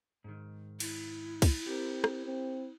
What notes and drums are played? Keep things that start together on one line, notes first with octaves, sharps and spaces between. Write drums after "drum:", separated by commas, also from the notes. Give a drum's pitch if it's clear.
G#2 D#3
E4, drum: cymbal
drum: kick, cymbal
C4 G4 A#4
drum: rim click
C4